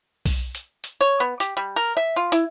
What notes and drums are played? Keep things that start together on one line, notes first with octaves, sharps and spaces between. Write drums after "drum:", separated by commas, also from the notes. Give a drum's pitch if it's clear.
drum: kick B1, open hi-hat
drum: hi-hat
drum: hi-hat
C#5
B3
G4, drum: hi-hat
G3
A#4
E5
F4
E4, drum: hi-hat